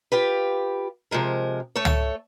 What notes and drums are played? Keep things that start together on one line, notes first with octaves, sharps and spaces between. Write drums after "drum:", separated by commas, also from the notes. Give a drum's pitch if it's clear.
F4 G4 B4
C3 F3 G#3 A#4
A3 A4 C#5
drum: tom